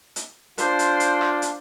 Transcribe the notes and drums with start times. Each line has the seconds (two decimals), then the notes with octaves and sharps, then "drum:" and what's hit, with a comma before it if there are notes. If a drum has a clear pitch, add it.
0.16 drum: hi-hat
0.58 D4 F4 C5, drum: hi-hat
0.79 drum: hi-hat
1.00 drum: hi-hat
1.21 drum: rim click
1.42 drum: hi-hat